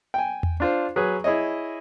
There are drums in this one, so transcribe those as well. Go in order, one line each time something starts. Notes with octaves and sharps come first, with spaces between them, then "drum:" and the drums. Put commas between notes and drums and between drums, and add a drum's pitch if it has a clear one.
G5 G#5
drum: tom E2
D4 F4 C5
F#3 G#4 B4
E4 G#4 C#5 D#5